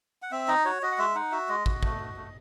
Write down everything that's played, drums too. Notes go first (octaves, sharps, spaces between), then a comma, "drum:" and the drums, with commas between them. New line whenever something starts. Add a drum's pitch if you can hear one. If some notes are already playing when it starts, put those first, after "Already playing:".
F#5
C4 E5
D#4 D#5
F#4 C#5
F#4 D#5
F#5
G#3 E5
D#4 F#5
F#4 E5
G#3 D#5
F#4, drum: kick
A3, drum: kick
F#4
A3